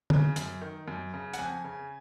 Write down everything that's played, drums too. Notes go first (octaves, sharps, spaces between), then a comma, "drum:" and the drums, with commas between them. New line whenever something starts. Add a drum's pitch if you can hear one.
C#3, drum: tom
F#2, drum: hi-hat
D#3
F#2
C#3
F#5, drum: hi-hat
F2 G#5
C#3